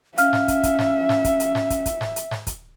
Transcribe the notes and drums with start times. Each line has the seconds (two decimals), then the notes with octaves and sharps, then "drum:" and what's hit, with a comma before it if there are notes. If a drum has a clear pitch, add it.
0.18 C#4 E5 F5 F6, drum: hi-hat
0.33 drum: snare G#2
0.48 drum: kick, hi-hat
0.63 drum: kick, hi-hat
0.79 drum: snare G#2
1.09 drum: snare G#2
1.24 drum: kick, hi-hat
1.40 drum: hi-hat
1.55 drum: snare G#2
1.70 drum: kick, hi-hat
1.86 drum: kick, hi-hat
2.01 drum: snare G#2
2.16 drum: hi-hat
2.31 drum: snare G#2
2.47 drum: kick, hi-hat